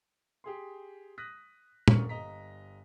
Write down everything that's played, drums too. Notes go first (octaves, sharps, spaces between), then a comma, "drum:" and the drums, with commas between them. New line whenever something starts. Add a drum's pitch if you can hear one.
G4 G#4 C6
D#6 F#6 A#6 B6
D#1 F#2 D4 A#4 A#5 C#6, drum: tom
G1 D#5 A#5 B6